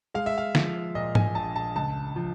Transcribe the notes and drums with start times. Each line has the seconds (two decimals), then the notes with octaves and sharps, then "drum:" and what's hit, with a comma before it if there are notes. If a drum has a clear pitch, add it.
0.14 G#3 F5
0.26 E5
0.38 F5
0.55 F3, drum: snare
0.95 A#2 D#5
1.15 G#5, drum: tom G#2
1.35 A#1 A5
1.56 A5
1.76 C#2 A5
2.16 F3